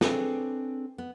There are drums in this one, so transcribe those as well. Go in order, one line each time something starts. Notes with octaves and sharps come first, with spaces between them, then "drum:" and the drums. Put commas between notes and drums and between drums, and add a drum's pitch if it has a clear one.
C4 D4 G#4 A4 B4 C#5, drum: snare
B3